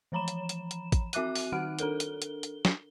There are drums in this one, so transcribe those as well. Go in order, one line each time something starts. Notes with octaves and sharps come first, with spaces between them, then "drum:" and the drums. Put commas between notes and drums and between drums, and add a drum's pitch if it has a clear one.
E3 F3 C#5 A#5 B5 E7
drum: hi-hat
drum: hi-hat
drum: hi-hat
drum: kick, hi-hat
C4 F#4 E5 D6 F#6 D#7, drum: hi-hat
drum: open hi-hat
D#3 D#4 F#5 F6 D7
D4 A4 A#4 G7, drum: hi-hat
drum: hi-hat
drum: hi-hat
drum: hi-hat
drum: snare